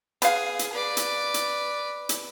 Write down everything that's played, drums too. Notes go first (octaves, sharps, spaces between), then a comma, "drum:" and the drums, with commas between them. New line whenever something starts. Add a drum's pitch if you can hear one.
B3 G#4 F5, drum: hi-hat
drum: hi-hat
B4 D5
drum: hi-hat
drum: hi-hat
drum: hi-hat